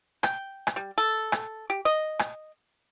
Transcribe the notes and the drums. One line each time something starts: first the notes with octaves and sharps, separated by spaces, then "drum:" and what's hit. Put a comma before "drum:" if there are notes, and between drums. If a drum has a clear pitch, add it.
G5, drum: rim click
drum: rim click
G3
A4
drum: rim click
G4
D#5
drum: rim click